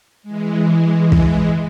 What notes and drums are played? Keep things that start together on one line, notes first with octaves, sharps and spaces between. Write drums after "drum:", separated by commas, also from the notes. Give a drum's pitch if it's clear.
E3 G#3
drum: kick